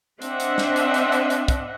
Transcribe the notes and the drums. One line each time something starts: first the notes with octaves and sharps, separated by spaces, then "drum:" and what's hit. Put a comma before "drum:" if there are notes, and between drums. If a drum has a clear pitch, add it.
C4 D4 D#5 E5 F#5, drum: hi-hat
drum: hi-hat
drum: snare
drum: hi-hat
drum: hi-hat
drum: hi-hat
drum: hi-hat
drum: kick, hi-hat